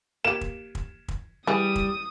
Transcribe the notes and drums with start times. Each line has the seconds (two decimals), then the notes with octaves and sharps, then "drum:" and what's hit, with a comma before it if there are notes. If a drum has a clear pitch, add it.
0.25 A#3 G4 E7
0.41 drum: kick
0.75 drum: kick
1.08 drum: kick
1.47 E3 G3 G#4 D#6
1.76 drum: kick